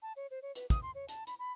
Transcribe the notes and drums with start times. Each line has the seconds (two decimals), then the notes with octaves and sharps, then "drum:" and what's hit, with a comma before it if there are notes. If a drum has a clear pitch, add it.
0.02 A5
0.16 C#5
0.31 C5
0.42 C#5
0.55 B4, drum: hi-hat
0.70 D#6, drum: kick, hi-hat
0.82 C6
0.95 C#5
1.09 A5, drum: hi-hat
1.27 B5, drum: hi-hat
1.39 B5